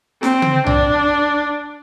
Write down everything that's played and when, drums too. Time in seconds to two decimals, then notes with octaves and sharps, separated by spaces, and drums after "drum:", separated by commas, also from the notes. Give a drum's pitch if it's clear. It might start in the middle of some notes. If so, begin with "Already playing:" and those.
0.23 C4, drum: snare
0.42 drum: tom C#3
0.67 D4, drum: tom B1